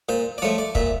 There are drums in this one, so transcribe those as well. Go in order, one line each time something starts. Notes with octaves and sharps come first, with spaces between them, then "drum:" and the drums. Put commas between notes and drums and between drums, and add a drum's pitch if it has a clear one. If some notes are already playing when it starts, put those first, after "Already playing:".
A#2 C5
D5
F3 A3 C#5
D5
A#2 E5, drum: kick